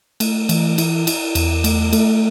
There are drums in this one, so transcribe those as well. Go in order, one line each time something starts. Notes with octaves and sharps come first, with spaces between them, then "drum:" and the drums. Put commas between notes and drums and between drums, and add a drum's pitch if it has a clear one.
A3, drum: cymbal
E3, drum: cymbal
E4, drum: cymbal
E4, drum: cymbal
E2, drum: cymbal
A3, drum: cymbal
A3, drum: cymbal